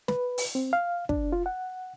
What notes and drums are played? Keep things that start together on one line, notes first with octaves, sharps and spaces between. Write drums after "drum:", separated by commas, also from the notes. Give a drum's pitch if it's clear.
B4, drum: snare
drum: open hi-hat
C4
F5
D4, drum: kick
F4
F#5